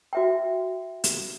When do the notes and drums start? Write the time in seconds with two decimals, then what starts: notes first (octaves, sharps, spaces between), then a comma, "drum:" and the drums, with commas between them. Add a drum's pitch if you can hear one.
0.13 F#4 E5 G5
1.04 drum: hi-hat